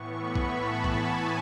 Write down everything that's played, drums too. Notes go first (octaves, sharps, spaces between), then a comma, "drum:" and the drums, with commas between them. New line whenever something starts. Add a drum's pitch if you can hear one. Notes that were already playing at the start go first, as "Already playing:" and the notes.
Already playing: A2 E3 B3 C#6
B5
drum: kick B1
A5
G#5, drum: kick B1